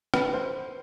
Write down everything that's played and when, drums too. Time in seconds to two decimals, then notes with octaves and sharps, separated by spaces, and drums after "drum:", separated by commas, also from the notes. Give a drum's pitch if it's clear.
0.14 B4, drum: rim click
0.33 C5